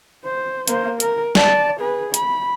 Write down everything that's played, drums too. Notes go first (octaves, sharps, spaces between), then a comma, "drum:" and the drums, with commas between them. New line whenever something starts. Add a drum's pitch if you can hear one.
C5
A#3 C5, drum: hi-hat
A#4, drum: hi-hat
D5 A5, drum: snare
G#4 B4
B5, drum: hi-hat